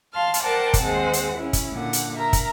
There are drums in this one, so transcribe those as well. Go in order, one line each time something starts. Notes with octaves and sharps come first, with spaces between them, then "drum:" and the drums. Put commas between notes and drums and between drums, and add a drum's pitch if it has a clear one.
F5 A5 C6 F6
drum: hi-hat
A#4 C5 D5 F#5 G5 A5
drum: kick, hi-hat
D#2 G#3 C4 C5 F#5
drum: hi-hat
C#4 E4
drum: kick, hi-hat
A#2 D3 F#5
drum: hi-hat
A#4 E5 A#5
drum: kick, hi-hat